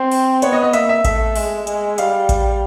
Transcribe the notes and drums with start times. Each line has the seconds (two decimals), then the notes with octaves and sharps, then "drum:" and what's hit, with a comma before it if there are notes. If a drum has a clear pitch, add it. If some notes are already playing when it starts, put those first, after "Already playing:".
Already playing: C4 C5
0.11 drum: open hi-hat
0.42 B3 C#5, drum: hi-hat
0.53 D#5
0.63 D#5
0.73 A#3 E5, drum: hi-hat
0.89 E5
1.05 A3 E5, drum: kick A1, hi-hat
1.36 G#3, drum: open hi-hat
1.67 G#3, drum: hi-hat
1.98 G3 F5, drum: hi-hat
2.29 drum: kick A1, hi-hat